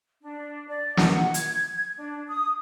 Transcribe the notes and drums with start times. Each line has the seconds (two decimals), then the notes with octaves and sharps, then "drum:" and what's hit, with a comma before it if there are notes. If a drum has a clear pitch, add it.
0.22 D4
0.69 D5
0.97 F#5, drum: snare
1.34 G#6, drum: hi-hat
1.98 D4
2.28 D#6